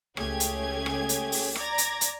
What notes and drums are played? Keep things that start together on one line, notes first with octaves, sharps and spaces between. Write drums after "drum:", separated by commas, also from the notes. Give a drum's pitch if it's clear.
C#2 A3 C#4 G4 G#4 G#6, drum: rim click
drum: hi-hat
drum: rim click
drum: hi-hat
drum: open hi-hat
D5 A#5 D6 G#6 A#6, drum: rim click
drum: hi-hat
drum: hi-hat